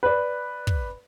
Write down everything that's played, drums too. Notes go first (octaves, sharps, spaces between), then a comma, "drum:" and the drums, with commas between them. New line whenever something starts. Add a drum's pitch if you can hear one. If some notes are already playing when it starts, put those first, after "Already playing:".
B4 D5
drum: kick